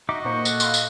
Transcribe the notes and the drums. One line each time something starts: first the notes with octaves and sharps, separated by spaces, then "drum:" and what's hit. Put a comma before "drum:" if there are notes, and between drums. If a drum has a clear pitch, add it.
D#4 F#4 D#5 E5 D6
A#2 A#3 D#4 C5 C#6
A4 F#5, drum: tambourine
F5 B5 C6, drum: tambourine
drum: tambourine